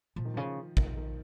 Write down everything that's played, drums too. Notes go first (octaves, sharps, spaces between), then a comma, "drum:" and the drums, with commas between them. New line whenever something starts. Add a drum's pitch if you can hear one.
A#2 F3
D#3
C#3 F3
D#3, drum: kick
D#3